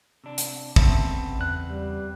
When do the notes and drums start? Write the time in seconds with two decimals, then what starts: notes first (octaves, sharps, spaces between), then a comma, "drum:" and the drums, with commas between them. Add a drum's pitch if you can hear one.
0.24 C3 D4
0.38 drum: hi-hat
0.76 C#3 B3 C4 A4 E5, drum: kick
1.39 E2 F#6
1.70 G3